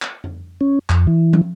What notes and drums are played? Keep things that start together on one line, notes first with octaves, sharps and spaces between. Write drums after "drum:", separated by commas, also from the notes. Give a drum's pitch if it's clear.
drum: clap
drum: tom F2
C#4
F2, drum: clap
E3
drum: tom